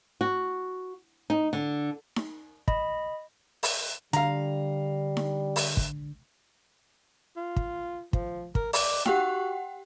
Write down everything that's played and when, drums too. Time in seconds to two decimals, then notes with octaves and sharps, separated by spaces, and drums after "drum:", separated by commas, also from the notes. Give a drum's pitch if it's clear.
0.21 F#4
1.30 D#4
1.53 D3
2.16 drum: snare D#4
2.68 D#5 B5, drum: kick
3.63 drum: open hi-hat
4.13 D3 G3 F5 A#5, drum: hi-hat
5.17 drum: snare D#4
5.56 drum: open hi-hat
5.77 drum: kick
7.37 F4
7.56 drum: kick
8.13 F3, drum: kick
8.55 A#4, drum: kick
8.73 D5, drum: open hi-hat
9.06 F#4 G4 F#5 G5, drum: snare D#4